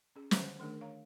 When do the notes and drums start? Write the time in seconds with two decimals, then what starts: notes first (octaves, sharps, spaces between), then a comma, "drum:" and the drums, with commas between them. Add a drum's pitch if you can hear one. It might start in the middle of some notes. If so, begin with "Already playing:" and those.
0.16 C#4 G#4
0.31 D3 D#3 C5 E5 F#5 A#5, drum: snare
0.60 D#3 A3 D4 G#4 A#4
0.81 C#5 F5 A#5